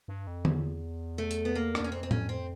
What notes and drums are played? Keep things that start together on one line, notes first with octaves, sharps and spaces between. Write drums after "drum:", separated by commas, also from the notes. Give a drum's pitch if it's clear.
G2
F2
E2, drum: tom D3
A3
drum: hi-hat
B3
A#3
D4, drum: rim click
E2 C#4
F2 C4
C4
C#4, drum: tom A2
C4